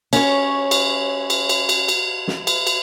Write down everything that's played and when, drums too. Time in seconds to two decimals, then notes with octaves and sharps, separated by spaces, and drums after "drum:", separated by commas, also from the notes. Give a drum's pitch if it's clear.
0.13 C#4 C#5, drum: cymbal
0.71 drum: cymbal
1.30 drum: cymbal
1.49 drum: cymbal
1.69 drum: cymbal
1.88 drum: cymbal
2.28 drum: snare
2.47 drum: cymbal
2.67 drum: cymbal